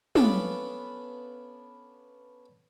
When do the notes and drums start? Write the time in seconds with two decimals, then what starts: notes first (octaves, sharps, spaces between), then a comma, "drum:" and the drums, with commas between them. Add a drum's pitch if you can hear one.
0.15 B3 C#4 D4 A4 B4 F5, drum: tom